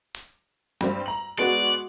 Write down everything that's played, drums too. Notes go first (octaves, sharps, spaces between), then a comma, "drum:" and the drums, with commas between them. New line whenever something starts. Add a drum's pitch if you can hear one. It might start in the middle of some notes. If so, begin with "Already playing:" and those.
drum: hi-hat
G2 G3 C4, drum: hi-hat
A#5 F#7
G#3 B3 F#4 D5